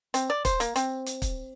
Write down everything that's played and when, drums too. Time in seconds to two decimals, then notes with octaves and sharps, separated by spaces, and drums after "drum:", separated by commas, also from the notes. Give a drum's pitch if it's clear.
0.14 C4, drum: hi-hat
0.30 D5
0.45 C5, drum: kick, hi-hat
0.60 A#3, drum: hi-hat
0.76 C4, drum: hi-hat
1.06 drum: hi-hat
1.22 drum: kick, hi-hat